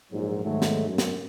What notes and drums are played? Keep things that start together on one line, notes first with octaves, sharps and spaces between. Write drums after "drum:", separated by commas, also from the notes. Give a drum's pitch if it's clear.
A#1 G#2 F#3
D#2 G#2 D#3 F#3 G#3 A3
drum: snare
F#2
drum: snare